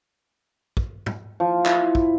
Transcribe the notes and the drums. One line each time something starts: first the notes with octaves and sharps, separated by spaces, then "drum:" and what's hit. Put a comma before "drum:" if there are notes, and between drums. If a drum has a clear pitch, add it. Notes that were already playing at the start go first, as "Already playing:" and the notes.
drum: kick
drum: tom
F3
E4, drum: clap
drum: kick